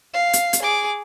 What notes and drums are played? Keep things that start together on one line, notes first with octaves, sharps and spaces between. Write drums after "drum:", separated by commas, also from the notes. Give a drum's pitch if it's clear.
F5
drum: hi-hat
drum: hi-hat
G#4 D6